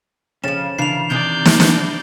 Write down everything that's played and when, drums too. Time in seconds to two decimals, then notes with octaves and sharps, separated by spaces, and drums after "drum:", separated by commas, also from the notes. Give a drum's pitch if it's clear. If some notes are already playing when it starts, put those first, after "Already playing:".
0.44 F2 C#3 F3 C#4 A6 E7
0.78 C#3 E3 D4 F4 A#4 C7 F7
1.10 C3 D#3 D#4 D5 G6
1.45 drum: snare
1.60 C2 D4 F#4 B4, drum: snare